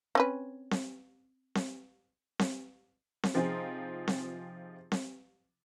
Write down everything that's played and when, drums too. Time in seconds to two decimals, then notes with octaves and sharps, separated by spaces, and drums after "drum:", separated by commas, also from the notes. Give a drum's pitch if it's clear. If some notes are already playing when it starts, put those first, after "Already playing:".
0.15 C4 C#4 B4
0.71 drum: snare C4
1.55 drum: snare C4
2.39 drum: snare C4
3.23 drum: snare C4
3.34 C3 F3 C4 D#4 F4 G#4
4.08 drum: snare C4
4.92 drum: snare C4